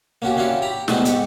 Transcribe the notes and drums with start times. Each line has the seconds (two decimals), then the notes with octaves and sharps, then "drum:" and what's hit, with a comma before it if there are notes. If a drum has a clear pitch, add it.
0.22 A#3 C#4 F#4 G4
0.37 C#4 D4 E4 F4 G4 C#5
0.62 G4 A#5 B5
0.88 G#3 A3 B3 C4 D4 E4, drum: snare
1.05 G#2 G4 C#6, drum: hi-hat